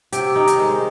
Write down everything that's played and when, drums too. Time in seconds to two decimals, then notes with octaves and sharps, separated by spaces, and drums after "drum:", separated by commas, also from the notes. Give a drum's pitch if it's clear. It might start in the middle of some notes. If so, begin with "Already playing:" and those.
0.12 C3 G4, drum: hi-hat
0.36 D#3 D#4
0.47 drum: hi-hat
0.59 G#3